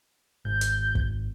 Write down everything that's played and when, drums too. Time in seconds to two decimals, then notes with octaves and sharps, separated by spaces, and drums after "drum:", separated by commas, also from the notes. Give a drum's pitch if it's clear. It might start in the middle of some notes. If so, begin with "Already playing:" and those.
0.45 G#1 G6
0.61 drum: hi-hat
0.95 drum: kick